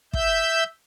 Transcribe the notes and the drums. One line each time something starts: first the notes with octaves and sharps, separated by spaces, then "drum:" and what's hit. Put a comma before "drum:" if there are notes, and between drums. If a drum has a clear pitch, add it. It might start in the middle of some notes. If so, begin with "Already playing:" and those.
E5 E6 G6, drum: kick